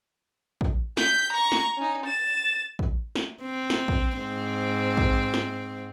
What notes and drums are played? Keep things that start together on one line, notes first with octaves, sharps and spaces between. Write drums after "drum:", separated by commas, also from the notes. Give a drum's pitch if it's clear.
drum: kick
G6 B6, drum: snare
A#5 C#6
drum: snare
C#4 D#4
A6 E7
drum: kick
drum: snare
C4
drum: snare
drum: kick
G#2 C4
drum: kick
drum: snare